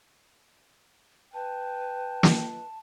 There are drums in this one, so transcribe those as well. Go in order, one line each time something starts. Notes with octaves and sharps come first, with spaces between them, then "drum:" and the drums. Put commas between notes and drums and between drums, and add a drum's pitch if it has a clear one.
B4 G5 A5
drum: snare